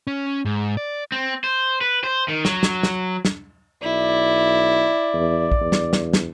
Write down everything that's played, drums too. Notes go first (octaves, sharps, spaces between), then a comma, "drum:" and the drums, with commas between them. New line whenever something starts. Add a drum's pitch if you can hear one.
C#4
G#2
D5
C4
C5
B4
C5
D#3
F#3, drum: snare
drum: snare
drum: snare
drum: snare
B1 E4 D5
E2
drum: kick A#1
E2
drum: snare
drum: snare
drum: snare